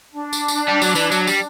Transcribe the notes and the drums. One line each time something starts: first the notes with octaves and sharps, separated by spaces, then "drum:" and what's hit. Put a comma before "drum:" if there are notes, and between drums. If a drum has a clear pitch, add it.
D4
drum: tambourine
drum: tambourine
G3
F#3, drum: tambourine
E3, drum: tambourine
F#3, drum: tambourine
G3, drum: tambourine